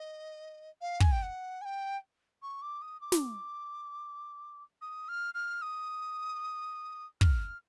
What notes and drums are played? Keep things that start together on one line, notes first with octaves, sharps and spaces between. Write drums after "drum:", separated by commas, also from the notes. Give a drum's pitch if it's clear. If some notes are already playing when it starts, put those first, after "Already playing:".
Already playing: D#5
F5
G#5, drum: kick
G5
F#5
G#5
G5
C#6
D6
D#6
D6
drum: snare
D#6
F6
F6
D#6
F6, drum: kick